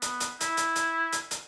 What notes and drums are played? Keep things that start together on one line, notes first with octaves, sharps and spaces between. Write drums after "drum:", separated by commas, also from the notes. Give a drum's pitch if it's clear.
B3, drum: hi-hat
drum: hi-hat
E4, drum: hi-hat
drum: hi-hat
drum: hi-hat
drum: hi-hat
drum: hi-hat